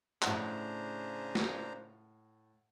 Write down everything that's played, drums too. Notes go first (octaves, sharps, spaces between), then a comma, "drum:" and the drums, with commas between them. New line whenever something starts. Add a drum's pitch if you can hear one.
A2 C#3 D4 C5 F#5 A#5, drum: clap
drum: snare